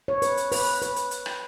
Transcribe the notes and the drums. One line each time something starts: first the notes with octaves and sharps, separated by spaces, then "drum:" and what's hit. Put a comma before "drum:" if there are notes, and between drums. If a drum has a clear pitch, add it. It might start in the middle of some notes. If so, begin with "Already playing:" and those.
C#5
B4, drum: hi-hat
drum: hi-hat
B4, drum: open hi-hat
B4, drum: hi-hat
drum: hi-hat
drum: hi-hat
drum: rim click